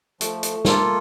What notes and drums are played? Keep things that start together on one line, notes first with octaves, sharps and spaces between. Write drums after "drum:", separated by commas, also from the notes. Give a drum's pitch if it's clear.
F3 A3, drum: hi-hat
drum: hi-hat
A#3 F4 A4, drum: snare